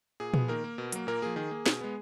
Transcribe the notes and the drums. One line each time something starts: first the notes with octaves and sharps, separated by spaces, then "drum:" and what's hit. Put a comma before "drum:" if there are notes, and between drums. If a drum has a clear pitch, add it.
A#2 G#4
F3 B3, drum: tom A#2
D#3 A#3 A#4
A#3
B2
F#3 A#3, drum: hi-hat
A#2 A#3 A#4
F3 A#3 G#4
D#3 G#4
A#3
B2, drum: snare
G#3 B3